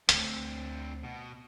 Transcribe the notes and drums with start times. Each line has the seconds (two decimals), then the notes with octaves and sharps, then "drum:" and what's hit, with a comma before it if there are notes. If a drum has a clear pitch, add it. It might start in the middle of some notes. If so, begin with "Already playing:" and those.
0.09 D2 C4 D4, drum: hi-hat
1.04 B2